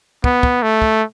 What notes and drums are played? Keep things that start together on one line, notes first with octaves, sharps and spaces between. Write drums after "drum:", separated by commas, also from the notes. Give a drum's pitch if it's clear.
B3, drum: kick
drum: kick
A3
drum: kick